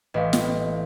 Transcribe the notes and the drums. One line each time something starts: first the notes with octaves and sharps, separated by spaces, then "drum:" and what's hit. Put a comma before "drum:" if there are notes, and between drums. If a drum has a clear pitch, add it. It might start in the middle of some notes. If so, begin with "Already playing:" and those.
A1 A2 G4 D#5 F5
drum: snare